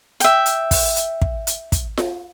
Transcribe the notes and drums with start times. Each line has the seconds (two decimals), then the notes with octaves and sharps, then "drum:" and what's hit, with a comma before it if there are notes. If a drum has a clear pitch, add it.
0.20 E5 G5, drum: hi-hat
0.46 drum: hi-hat
0.71 drum: kick, open hi-hat
0.96 drum: hi-hat
1.22 drum: kick
1.47 drum: hi-hat
1.72 drum: kick, hi-hat
1.97 drum: snare F4